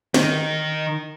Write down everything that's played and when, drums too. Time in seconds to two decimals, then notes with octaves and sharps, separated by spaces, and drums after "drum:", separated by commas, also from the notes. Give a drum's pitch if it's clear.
0.14 D#3, drum: snare